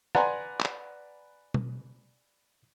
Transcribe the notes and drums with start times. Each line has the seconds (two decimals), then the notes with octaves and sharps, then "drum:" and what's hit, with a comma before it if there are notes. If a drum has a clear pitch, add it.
0.15 B4 D5 F#5 G#5 A#5 C6, drum: rim click
0.61 drum: clap
1.54 drum: tom B2